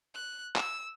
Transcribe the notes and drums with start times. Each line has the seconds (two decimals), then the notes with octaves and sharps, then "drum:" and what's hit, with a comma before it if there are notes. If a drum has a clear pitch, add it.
0.15 F#6
0.56 E6, drum: clap